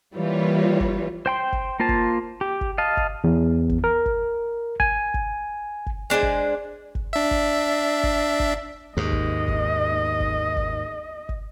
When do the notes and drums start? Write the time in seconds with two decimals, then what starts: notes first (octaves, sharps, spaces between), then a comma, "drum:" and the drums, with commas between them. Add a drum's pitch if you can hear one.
0.15 E3 G3 A#3 F4 B4 C#5
0.80 drum: kick
1.26 C5 G5 C6
1.53 drum: kick
1.80 A#3 F4 C5 A5
1.89 drum: kick
2.41 G4
2.61 drum: kick
2.78 D#5 F5 A5
2.97 drum: kick
3.24 E2
3.69 drum: kick
3.84 A#4
4.06 drum: kick
4.80 G#5, drum: kick
5.14 drum: kick
5.86 drum: kick
6.10 G#3 D4 C5 G#5
6.23 drum: kick
6.95 drum: kick
7.13 D4 E5
7.31 drum: kick
8.03 drum: kick
8.40 drum: kick
8.97 D#2 G#2 D#5
9.12 drum: kick
9.48 drum: kick
10.20 drum: kick
10.57 drum: kick
11.29 drum: kick